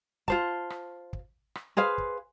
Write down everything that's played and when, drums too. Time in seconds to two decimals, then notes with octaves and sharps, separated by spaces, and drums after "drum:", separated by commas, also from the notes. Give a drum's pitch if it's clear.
0.28 F4 C5 A5, drum: kick
0.70 drum: rim click
1.13 drum: kick
1.55 drum: rim click
1.77 G#4 B4 C5 F5
1.98 drum: kick